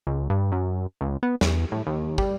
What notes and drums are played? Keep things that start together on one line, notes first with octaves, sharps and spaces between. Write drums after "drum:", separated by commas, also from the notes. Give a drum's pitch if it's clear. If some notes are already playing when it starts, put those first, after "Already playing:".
C#2
G2
F#2
C#2
B3
E2, drum: snare
A2
D#2
G3, drum: kick